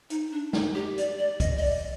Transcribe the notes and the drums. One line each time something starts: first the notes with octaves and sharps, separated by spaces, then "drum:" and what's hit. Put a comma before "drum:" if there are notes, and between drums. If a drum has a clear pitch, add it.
D#4, drum: hi-hat
D4
D#4, drum: snare
G4
D5, drum: hi-hat
D5
D#5, drum: kick B1, hi-hat
D#5, drum: open hi-hat
D5